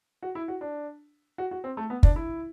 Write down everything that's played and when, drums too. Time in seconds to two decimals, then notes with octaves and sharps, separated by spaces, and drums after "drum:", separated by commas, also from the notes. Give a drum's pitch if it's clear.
0.22 F#4
0.35 E4
0.48 F#4
0.61 D4
1.38 F#4
1.51 F#4
1.64 C4
1.77 A3
1.90 B3
2.03 D4, drum: kick
2.16 E4